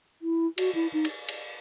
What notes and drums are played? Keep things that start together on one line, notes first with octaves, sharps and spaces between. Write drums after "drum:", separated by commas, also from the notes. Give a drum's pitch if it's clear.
E4
F#4, drum: cymbal
E4
D#4
drum: cymbal
drum: cymbal